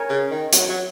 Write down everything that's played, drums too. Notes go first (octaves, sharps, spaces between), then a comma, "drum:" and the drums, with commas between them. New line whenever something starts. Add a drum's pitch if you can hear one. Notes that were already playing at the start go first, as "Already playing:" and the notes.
Already playing: A#4 C#5 G#5
C#3
D#3
F#3, drum: hi-hat
F#3